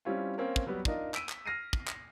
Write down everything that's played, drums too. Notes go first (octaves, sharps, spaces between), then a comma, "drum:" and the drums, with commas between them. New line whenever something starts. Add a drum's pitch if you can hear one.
G3 C4 C#4 E4 F4
A#3 C4 C#4 A#4
drum: kick
F#3 G3 B3
D4 D#4 F4 A#4 D#5, drum: kick
E6 B6 D7 D#7, drum: clap
drum: clap
F6 A#6 C7 D#7
drum: kick
drum: clap